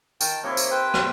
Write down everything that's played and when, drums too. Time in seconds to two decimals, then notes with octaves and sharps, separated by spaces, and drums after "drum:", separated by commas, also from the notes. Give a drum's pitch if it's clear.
0.21 D#3 A#4 G5 A5, drum: tambourine
0.44 C3 A#3 E4 C#5 D#5
0.57 drum: tambourine
0.71 B4 C5 G5
0.94 drum: rim click